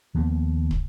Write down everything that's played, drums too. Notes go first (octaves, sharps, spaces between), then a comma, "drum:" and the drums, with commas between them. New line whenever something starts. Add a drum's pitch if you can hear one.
D#2 F3 A#3 B3
drum: kick